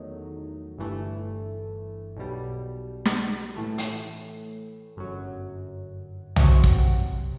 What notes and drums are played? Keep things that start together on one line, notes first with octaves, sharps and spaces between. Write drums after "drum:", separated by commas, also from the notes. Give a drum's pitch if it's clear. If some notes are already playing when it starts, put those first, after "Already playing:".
Already playing: E2 D#3 F#3 A3 D#4
G1 G2 E3 A3
B1 B2 G3
drum: snare
A2 E3 A3
drum: hi-hat
G1 F#2 F#3
C3 F#3 C4 F#4, drum: tom
drum: kick